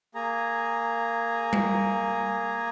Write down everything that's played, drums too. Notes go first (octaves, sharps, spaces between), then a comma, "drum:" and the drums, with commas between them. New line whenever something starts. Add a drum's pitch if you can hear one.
A#3 G#4 A#5
drum: tom G3